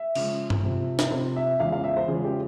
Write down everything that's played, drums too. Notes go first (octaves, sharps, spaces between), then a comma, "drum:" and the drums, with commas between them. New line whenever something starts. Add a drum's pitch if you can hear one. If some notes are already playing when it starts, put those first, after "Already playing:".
Already playing: E5
C#3 F3 G#3, drum: cymbal
drum: tom G2
C3 F3 C4
drum: snare
C3 F3 C4 C5
E5
E2 C#3 F3 G#3 F5
F5
E5
C5
E2 C#3 F3 G#3 G#4
G4